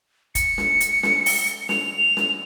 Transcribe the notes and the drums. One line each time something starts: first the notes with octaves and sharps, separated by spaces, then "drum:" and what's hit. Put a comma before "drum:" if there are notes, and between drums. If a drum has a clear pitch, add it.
C#7, drum: kick, hi-hat
drum: snare
drum: hi-hat
drum: snare
drum: open hi-hat
F7, drum: snare
drum: snare